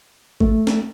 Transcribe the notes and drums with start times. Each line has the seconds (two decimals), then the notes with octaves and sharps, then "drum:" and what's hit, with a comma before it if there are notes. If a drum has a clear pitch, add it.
0.40 A3, drum: kick G#1
0.67 drum: snare